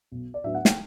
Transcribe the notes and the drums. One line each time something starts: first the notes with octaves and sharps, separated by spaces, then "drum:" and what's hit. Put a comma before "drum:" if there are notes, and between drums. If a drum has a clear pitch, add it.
B1
D5
A2 F#3 B3 D4 E5
F#5
G5, drum: snare